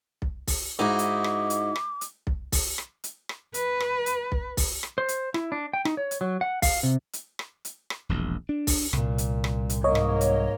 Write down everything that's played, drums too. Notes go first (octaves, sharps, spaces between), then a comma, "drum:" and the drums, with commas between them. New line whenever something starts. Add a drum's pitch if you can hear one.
drum: kick B1
drum: kick B1, open hi-hat
G#2 D#4 E4 F#4 D6
drum: hi-hat
drum: rim click
drum: hi-hat
drum: rim click
drum: hi-hat
drum: kick B1
drum: kick B1, open hi-hat
drum: rim click
drum: hi-hat
drum: rim click
B4, drum: hi-hat
drum: rim click
drum: hi-hat
drum: kick B1
drum: kick B1, open hi-hat
drum: rim click
C5
drum: hi-hat
E4, drum: rim click
D4
G5
D#4, drum: rim click
C#5
drum: hi-hat
F#3
F#5
F5, drum: kick B1, open hi-hat
C3
drum: hi-hat
drum: rim click
drum: hi-hat
drum: rim click
E1 A#1
D4
drum: kick B1, open hi-hat
C2 A#2, drum: rim click
drum: hi-hat
drum: rim click
drum: hi-hat
G#2 A#3 C#5 D#5
drum: rim click
drum: hi-hat